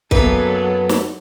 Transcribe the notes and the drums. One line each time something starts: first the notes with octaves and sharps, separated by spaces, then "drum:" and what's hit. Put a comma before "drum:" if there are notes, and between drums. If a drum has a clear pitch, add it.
F#2 F#3 A#3 B3 A4 B4, drum: kick
drum: snare